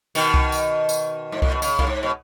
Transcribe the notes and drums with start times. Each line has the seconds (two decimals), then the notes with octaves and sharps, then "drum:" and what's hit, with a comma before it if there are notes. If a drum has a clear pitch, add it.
0.15 B2 D#3, drum: tambourine
0.34 drum: kick C2
0.52 drum: tambourine
0.89 drum: tambourine
1.32 G#2
1.42 A2, drum: kick C2
1.51 B2
1.62 C#3, drum: tambourine
1.79 A2, drum: kick C2
1.87 G#2
2.03 B2